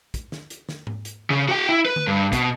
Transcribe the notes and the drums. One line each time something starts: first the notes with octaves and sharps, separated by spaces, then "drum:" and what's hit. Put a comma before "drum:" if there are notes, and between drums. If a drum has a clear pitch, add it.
drum: kick, hi-hat
drum: snare
drum: hi-hat
drum: snare
drum: tom G#2
drum: hi-hat
C#3
F#4 G5
E4
B4
drum: tom D3
G2
B2, drum: kick, hi-hat